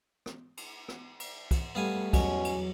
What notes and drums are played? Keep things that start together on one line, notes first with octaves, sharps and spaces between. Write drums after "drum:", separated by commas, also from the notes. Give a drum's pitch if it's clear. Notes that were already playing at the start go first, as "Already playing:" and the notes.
drum: rim click
drum: cymbal
drum: rim click
drum: cymbal
drum: kick, cymbal
G3 A3 B3 F5 G#5
E2 B2 F#3 C#4, drum: kick, cymbal
drum: cymbal